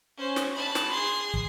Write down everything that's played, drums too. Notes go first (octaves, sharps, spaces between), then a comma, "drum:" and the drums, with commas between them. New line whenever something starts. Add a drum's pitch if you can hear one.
C#4 C5
drum: snare
A5 B5
drum: snare
G#4 C6
drum: kick